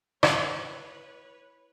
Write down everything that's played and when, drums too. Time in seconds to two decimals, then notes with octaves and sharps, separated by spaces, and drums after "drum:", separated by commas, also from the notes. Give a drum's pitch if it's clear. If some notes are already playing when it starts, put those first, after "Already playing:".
0.23 E4 B4 C#5, drum: rim click